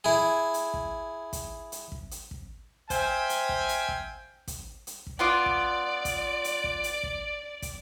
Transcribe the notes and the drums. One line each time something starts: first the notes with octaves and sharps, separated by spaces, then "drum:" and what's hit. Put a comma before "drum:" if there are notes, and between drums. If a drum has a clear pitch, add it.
E4 G#4
drum: hi-hat
drum: kick
drum: kick, hi-hat
drum: hi-hat
drum: kick
drum: hi-hat
drum: kick
C5 E5 F5 G5 G#5, drum: kick, hi-hat
drum: hi-hat
drum: kick
drum: hi-hat
drum: kick
drum: kick, hi-hat
drum: hi-hat
drum: kick
B3 F4 D5 D6
drum: kick
drum: kick, hi-hat
drum: hi-hat
drum: kick
drum: hi-hat
drum: kick
drum: kick, hi-hat